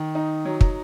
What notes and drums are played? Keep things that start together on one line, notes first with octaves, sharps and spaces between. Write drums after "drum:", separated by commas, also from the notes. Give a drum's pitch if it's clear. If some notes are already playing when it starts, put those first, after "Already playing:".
Already playing: D#3
D#4
F#3
drum: kick